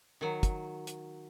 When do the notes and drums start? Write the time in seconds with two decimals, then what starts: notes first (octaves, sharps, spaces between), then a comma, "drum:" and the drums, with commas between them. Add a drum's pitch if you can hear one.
0.21 D#3 F#3
0.43 drum: kick, hi-hat
0.87 drum: hi-hat